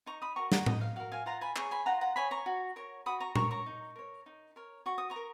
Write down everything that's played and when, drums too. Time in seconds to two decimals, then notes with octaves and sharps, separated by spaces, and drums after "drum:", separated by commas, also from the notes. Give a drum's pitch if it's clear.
0.06 D#4 A#5 C#6
0.22 B5 D#6
0.36 F#4 A#4 A#5 C#6
0.52 F#5 A#5, drum: snare
0.66 D#4 D#5 F#5, drum: tom A2
0.81 F5
0.96 F#4 A#4 F5
1.12 F5 G#5
1.26 F4 F#5 A#5
1.41 G#5 B5
1.56 G#4 C#5 A#5 C#6, drum: clap
1.71 G#5 B5
1.86 F4 F#5 A#5
2.01 F#5 A#5
2.16 G#4 C#5 G#5 B5
2.31 A#5 C#6
2.46 F#4
2.76 A#4 C#5
3.06 F#4 B5 D#6
3.20 A#5 C#6
3.36 A#4 C#5 A#5 C#6, drum: tom A#2
3.51 A#5 C#6
3.66 D#4
3.96 A#4 C#5
4.26 D#4
4.56 A#4 C#5
4.86 F#4 C#6
4.98 D#6
5.10 A#5 C#6
5.16 A#4